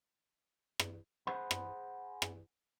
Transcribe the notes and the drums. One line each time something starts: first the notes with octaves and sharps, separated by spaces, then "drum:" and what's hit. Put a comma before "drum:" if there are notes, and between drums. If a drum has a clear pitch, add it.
drum: rim click
G#4 C5 F#5 B5
drum: rim click
drum: rim click